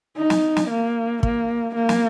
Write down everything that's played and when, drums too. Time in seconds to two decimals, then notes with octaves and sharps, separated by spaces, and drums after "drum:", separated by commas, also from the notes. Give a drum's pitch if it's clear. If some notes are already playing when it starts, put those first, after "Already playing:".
0.17 D#4
0.30 drum: snare
0.56 drum: snare
0.70 A#3
1.23 A#3, drum: kick
1.75 A#3
1.89 drum: snare